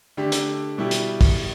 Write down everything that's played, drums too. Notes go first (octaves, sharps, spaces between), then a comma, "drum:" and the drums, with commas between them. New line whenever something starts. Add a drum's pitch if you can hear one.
D3 A3 D4 G4
drum: hi-hat
B2 G3 E4 G4
drum: hi-hat
drum: kick, open hi-hat